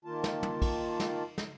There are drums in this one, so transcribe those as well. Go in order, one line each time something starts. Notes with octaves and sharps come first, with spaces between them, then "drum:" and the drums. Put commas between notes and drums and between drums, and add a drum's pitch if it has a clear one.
D#3 A#3 F4 A5
drum: snare
drum: tom
drum: kick, cymbal
drum: snare
drum: snare